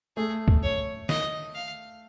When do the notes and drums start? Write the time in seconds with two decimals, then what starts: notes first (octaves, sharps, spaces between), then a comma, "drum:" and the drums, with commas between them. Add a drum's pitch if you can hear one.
0.17 A3 G#4
0.48 drum: kick
0.63 C#5
1.09 D#5, drum: snare
1.55 F5